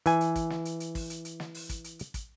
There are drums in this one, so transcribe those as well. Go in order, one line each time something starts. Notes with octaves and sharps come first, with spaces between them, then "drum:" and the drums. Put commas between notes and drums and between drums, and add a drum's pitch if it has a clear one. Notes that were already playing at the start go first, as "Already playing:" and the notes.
E3 G#5, drum: hi-hat
drum: hi-hat
drum: kick, hi-hat
drum: snare
drum: hi-hat
drum: hi-hat
drum: kick, open hi-hat
drum: hi-hat
drum: hi-hat
drum: snare
drum: open hi-hat
drum: kick, hi-hat
drum: hi-hat
drum: hi-hat
drum: kick, hi-hat